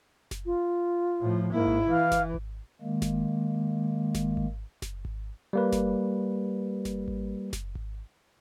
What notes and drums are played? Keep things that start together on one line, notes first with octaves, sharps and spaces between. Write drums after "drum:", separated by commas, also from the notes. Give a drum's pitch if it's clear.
drum: snare F#1
F4
A2 F3
G#2 A#3 E4
drum: kick G#1
E3 F5
drum: snare F#1
drum: kick G#1
D#3 G#3 A#3
drum: snare F#1
drum: snare F#1
drum: kick G#1
drum: snare F#1
drum: kick G#1
G3 A#3 B4
drum: snare F#1
drum: snare F#1
drum: kick G#1
drum: snare F#1
drum: kick G#1